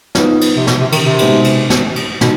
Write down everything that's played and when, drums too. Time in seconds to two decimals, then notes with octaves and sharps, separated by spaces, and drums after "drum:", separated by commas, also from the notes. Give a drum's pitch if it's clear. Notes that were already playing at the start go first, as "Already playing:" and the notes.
0.15 F3 B3 D#4 B4, drum: snare
0.41 drum: cymbal
0.56 C3
0.67 B2, drum: snare
0.80 C3
0.92 D#3, drum: cymbal
1.06 C3
1.19 B2 G#3 C4 D#4 B4, drum: cymbal
1.44 drum: cymbal
1.70 drum: snare
1.96 drum: cymbal
2.21 B2 D#3, drum: snare